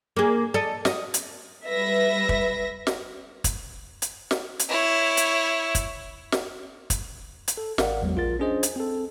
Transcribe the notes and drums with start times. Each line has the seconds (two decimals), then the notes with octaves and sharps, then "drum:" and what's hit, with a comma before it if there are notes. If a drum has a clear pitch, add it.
0.16 A#3 G#4
0.54 A4 D#5
0.85 D#5, drum: snare
1.14 drum: hi-hat
1.67 G3 B4 E5 A#6
2.29 drum: kick
2.87 drum: snare
3.44 drum: kick, hi-hat
4.02 drum: hi-hat
4.31 drum: snare
4.59 drum: hi-hat
4.69 E4 C#5
5.17 drum: hi-hat
5.75 drum: kick, hi-hat
6.32 drum: snare
6.90 drum: kick, hi-hat
7.48 drum: hi-hat
7.57 A4
7.78 G#1 A#4 D5 F5 F#5, drum: snare
8.02 E2 F#3 G#3
8.16 A#1 F4 A#4 A6
8.39 C#4 D4 G#4 C5 D#5
8.63 drum: hi-hat
8.76 C4 A4